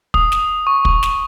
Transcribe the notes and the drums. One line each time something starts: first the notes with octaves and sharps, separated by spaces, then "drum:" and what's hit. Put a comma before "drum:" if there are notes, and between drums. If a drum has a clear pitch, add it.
D#6, drum: kick
drum: snare
C#6
drum: kick
drum: snare